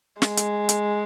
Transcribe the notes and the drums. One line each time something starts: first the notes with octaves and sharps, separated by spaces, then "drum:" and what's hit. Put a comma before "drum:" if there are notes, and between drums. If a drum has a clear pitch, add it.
G#3, drum: snare
drum: hi-hat
drum: hi-hat